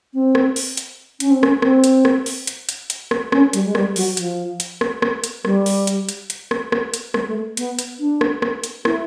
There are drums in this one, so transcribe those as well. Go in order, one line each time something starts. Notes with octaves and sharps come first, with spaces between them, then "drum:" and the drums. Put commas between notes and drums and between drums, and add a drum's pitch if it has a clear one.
C4
drum: rim click
drum: open hi-hat
drum: hi-hat
C#4, drum: hi-hat
C4
C#4, drum: rim click
C4, drum: rim click
drum: hi-hat
drum: rim click
drum: open hi-hat
drum: hi-hat
drum: hi-hat
drum: hi-hat
drum: rim click
C#4, drum: rim click
G3, drum: hi-hat
G#3
G3, drum: rim click
F#3, drum: open hi-hat
F3, drum: hi-hat
drum: hi-hat
drum: rim click
drum: rim click
drum: hi-hat
G3, drum: rim click
drum: open hi-hat
drum: hi-hat
drum: hi-hat
drum: hi-hat
drum: rim click
drum: rim click
drum: hi-hat
G#3, drum: rim click
A3
B3, drum: hi-hat
drum: hi-hat
D4
drum: rim click
drum: rim click
drum: hi-hat
E4, drum: rim click